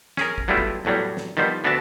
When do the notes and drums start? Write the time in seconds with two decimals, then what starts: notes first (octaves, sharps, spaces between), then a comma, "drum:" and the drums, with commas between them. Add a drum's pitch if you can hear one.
0.17 C#4 G#4 A#4, drum: snare
0.38 drum: kick
0.48 F#3 G3 A3 B3 E4 F4
0.58 drum: kick
0.85 E2 A2 F#3 G3
1.17 drum: snare
1.37 D#3 F3 G3 B3 C5
1.64 D2 B3 D4 F#4 E5 A5